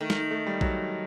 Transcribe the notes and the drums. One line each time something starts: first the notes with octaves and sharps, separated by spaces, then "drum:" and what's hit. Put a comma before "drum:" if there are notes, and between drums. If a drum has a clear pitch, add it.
D#3 A3
drum: snare
A3
G3
F#3, drum: kick A#1